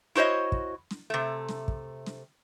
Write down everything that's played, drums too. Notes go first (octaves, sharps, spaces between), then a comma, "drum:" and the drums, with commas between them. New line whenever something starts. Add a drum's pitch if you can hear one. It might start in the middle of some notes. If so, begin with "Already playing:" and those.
E4 F#4 C5 C#5 D#5
drum: kick
drum: snare
C3 A3
drum: snare
drum: kick
drum: snare